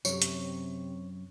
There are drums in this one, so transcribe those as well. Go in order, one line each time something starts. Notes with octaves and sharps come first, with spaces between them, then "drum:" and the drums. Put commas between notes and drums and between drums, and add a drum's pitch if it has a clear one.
F#2 C3 C#5, drum: tambourine
drum: hi-hat